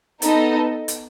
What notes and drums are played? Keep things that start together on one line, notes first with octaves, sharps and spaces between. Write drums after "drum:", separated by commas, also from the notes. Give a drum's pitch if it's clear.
B3 D#4 A4 D#5, drum: hi-hat
drum: hi-hat